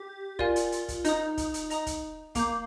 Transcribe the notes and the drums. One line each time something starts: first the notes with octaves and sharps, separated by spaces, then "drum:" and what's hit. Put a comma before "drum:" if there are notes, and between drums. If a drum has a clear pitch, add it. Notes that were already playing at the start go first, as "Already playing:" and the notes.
Already playing: G4
F4 A#4 D5 F5 G#5, drum: kick
drum: hi-hat
drum: hi-hat
drum: kick, hi-hat
D#4 D#5 A#5 D#6, drum: hi-hat
drum: kick, hi-hat
drum: hi-hat
D#5 A#5 D#6, drum: hi-hat
drum: kick, hi-hat
A#3 F5 A#5 D6 G6, drum: kick, hi-hat